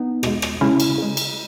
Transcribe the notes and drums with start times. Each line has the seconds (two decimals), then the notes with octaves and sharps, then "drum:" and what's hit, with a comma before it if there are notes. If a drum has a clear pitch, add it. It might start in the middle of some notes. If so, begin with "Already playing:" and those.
Already playing: B3 D#4
0.23 B2 G#3, drum: rim click
0.42 drum: rim click
0.61 C#3 G#3 C#4 E4
0.80 drum: cymbal
0.98 C#3 G#3
1.17 drum: cymbal